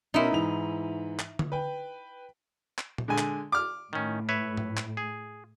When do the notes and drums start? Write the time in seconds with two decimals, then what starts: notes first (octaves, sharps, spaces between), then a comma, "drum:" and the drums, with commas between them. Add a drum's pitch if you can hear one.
0.14 B2 C#4 D#4 E4 A#4
0.31 G#2 E3 F7
1.19 drum: clap
1.39 drum: tom D3
1.52 B4 G5
2.78 drum: clap
2.98 drum: tom A#2
3.08 D3 G#3 G#5
3.18 drum: clap
3.52 D6 F6
3.93 A2 D#3 C#4
4.29 B4 C#5 E5
4.57 drum: tom G#2
4.77 drum: clap
4.97 G#4